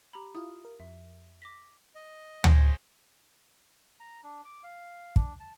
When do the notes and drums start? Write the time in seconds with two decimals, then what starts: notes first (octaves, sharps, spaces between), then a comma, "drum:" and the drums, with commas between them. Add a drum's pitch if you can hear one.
0.13 G4 A#5 B5
0.35 E4 F4 F5 D#6
0.65 A#4
0.80 F2 E5
1.42 D6 A#6 B6
1.95 D#5
2.44 G#3 C#4 C5 A#6, drum: tom D2
4.00 A#5
4.23 D4
4.45 D6
4.64 F5
5.16 D4, drum: kick
5.40 A5